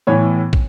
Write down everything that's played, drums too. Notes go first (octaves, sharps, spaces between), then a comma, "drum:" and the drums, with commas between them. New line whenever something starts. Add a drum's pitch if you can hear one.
A2 E3 B3 C#5
drum: kick